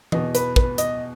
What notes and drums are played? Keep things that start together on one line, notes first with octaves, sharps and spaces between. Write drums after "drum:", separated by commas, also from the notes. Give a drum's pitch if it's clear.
E2 B2 D#5, drum: tom E3
B4, drum: hi-hat
B4, drum: kick
D#5, drum: hi-hat